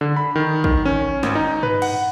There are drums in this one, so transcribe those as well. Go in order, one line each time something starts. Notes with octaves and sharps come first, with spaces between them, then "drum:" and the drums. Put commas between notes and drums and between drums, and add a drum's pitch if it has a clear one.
D3
B5
D#3
D#3, drum: kick
C#4
G#1, drum: snare
D#4
B4, drum: tom
F#5, drum: cymbal